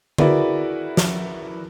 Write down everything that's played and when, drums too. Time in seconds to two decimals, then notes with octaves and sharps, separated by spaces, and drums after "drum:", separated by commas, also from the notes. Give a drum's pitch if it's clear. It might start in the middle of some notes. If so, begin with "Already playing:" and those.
0.18 E4 F#4 G#4 A#4 B4 D5, drum: tom D3
0.97 drum: snare